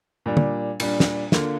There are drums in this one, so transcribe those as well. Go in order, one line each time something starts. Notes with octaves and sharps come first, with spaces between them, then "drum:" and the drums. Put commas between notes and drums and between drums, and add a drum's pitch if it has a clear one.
A#2 G3 D4
drum: tom
A#2 G3 D4, drum: cymbal
drum: snare
D3 A#3 F4, drum: snare